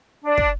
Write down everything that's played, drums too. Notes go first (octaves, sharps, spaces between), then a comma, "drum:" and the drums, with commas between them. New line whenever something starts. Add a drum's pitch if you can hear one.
D4
drum: kick